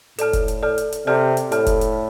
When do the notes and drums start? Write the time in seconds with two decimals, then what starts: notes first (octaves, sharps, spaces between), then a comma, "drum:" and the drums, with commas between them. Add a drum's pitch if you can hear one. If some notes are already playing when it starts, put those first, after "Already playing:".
0.19 A2 A4 D5 A5 F6, drum: hi-hat
0.33 drum: kick F1, hi-hat
0.48 drum: hi-hat
0.63 A4 D5 A5 F6
0.78 drum: hi-hat
0.92 drum: hi-hat
1.07 C3 A4 D5 A5 F6
1.37 drum: hi-hat
1.52 A2 A4 D5 A5 F6, drum: hi-hat
1.66 drum: kick F1, hi-hat
1.81 drum: hi-hat